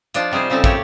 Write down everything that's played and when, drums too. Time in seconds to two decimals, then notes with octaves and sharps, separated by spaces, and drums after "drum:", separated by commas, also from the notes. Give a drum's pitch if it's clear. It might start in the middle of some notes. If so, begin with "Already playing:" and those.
0.14 F3 D4 D#4 F4, drum: hi-hat
0.32 C3 G3 D#4 G#4 C5
0.50 C#3 G3 C4 D#4 A4
0.64 A3 A#3 G4 C#5 D5, drum: kick